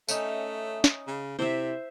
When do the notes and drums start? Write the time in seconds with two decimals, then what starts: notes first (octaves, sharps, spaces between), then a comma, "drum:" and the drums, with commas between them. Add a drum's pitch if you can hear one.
0.09 A3 C#4 D#4 E5, drum: tambourine
0.84 drum: snare
1.07 C#3
1.39 C3 E4 C5 E5